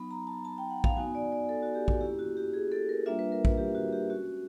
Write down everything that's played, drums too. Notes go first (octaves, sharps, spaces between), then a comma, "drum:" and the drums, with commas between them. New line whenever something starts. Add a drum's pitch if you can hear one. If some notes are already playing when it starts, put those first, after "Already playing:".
Already playing: F#3 B3 D#4 B5
A#5
A5
A5
G5
F#5
F5, drum: kick A#1
B3 D#4 F#4 G#5
D5
D5
A4
F#4
G4
F#4, drum: kick A#1
A#3 C#4 E4 G4
F#4
G4
G#4
A4
A#4
G3 A#3 D4 F4 E5
B4
A#4
B4, drum: kick A#1
G4
F#4
G4
G#3 C#4 F#4